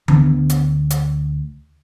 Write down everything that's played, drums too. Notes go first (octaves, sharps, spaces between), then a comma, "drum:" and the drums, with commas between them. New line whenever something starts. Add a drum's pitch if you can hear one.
D2 D3 B3 D4, drum: tom D#3
drum: hi-hat
drum: hi-hat